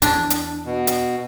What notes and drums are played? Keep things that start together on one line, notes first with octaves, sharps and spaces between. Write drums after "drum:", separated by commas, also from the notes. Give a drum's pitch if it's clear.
E2 D4, drum: hi-hat
drum: hi-hat
B2
drum: hi-hat